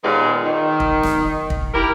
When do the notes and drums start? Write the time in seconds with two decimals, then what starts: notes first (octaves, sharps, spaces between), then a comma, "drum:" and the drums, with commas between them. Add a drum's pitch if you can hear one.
0.03 D#2 A#2 G#3 B3
0.44 D#3
0.80 drum: kick
1.03 drum: snare
1.50 drum: kick
1.73 E4 G4 A#4